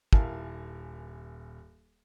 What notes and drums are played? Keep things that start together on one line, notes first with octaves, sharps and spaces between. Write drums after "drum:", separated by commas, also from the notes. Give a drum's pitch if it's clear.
D#1 E4 A#4 F5 G#5 A5, drum: kick